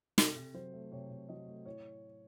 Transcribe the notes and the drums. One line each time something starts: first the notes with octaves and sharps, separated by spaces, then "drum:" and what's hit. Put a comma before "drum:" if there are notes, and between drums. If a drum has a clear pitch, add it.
C3 A4, drum: snare
C3
F#3 C5
A3
C3 C#5
C3
F#3 D#5
A3
A2 C#5